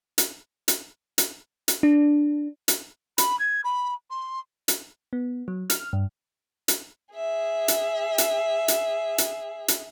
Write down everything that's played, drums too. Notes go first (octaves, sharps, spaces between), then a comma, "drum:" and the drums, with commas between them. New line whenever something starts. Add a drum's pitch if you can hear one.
drum: hi-hat
drum: hi-hat
drum: hi-hat
drum: hi-hat
D4
drum: hi-hat
B5, drum: hi-hat
G#6
B5
C6
drum: hi-hat
B3
F#3
F6, drum: hi-hat
G2
drum: hi-hat
G#4 E5
drum: hi-hat
drum: hi-hat
drum: hi-hat
drum: hi-hat
drum: hi-hat